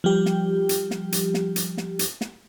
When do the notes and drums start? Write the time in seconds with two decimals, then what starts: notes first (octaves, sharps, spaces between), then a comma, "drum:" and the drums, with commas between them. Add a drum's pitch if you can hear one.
0.04 F3 G3 G4
0.26 drum: snare
0.69 drum: hi-hat
0.91 drum: snare
1.12 drum: hi-hat
1.34 drum: snare
1.56 drum: hi-hat
1.77 drum: snare
1.99 drum: hi-hat
2.21 drum: snare